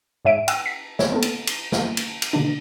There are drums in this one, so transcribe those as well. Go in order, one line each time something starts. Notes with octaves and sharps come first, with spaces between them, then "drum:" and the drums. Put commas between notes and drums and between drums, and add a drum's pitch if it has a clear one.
G#2 C#5 E5 D7
F#5 G5 E6 D#7, drum: cymbal
B6
C#5, drum: snare
B3 C4 A4
drum: cymbal
drum: cymbal
drum: snare
drum: cymbal
drum: cymbal
B2 D3 A#3 D4